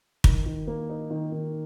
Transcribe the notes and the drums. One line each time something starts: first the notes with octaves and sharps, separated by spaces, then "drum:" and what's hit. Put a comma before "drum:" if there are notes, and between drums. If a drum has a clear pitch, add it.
D#3, drum: kick
D#3
A#3
D#4
D#3
D#3